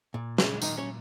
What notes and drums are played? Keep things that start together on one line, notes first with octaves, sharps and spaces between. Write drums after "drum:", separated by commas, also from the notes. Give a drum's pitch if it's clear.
A#2
C#3 C#4, drum: snare
A#2 D#3 D#4, drum: tambourine
C#4 C#5